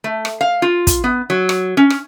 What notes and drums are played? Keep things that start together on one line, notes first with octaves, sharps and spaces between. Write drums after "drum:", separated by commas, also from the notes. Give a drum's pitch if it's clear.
A3
drum: rim click
F5
F4
drum: kick, hi-hat
B3
F#3
drum: rim click
C#4
drum: rim click